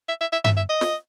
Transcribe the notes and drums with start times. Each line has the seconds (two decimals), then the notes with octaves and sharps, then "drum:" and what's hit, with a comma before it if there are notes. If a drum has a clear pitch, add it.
0.08 E5
0.21 E5
0.32 E5
0.44 E5, drum: tom G2
0.57 E5
0.69 D#5
0.81 drum: snare